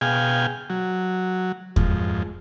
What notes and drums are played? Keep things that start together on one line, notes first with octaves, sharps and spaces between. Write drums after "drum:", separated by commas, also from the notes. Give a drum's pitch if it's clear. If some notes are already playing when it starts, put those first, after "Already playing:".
B2 G#4 F5 G5 G#5
F#3
F2 G#2, drum: kick